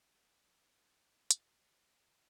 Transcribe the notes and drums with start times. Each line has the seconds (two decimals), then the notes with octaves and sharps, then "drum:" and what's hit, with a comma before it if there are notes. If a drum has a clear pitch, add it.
0.02 D#4 G#4
1.31 drum: hi-hat